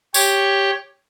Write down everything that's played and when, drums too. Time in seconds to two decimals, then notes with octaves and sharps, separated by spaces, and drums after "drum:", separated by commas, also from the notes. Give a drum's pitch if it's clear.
0.14 G4 C#5 C#6, drum: tambourine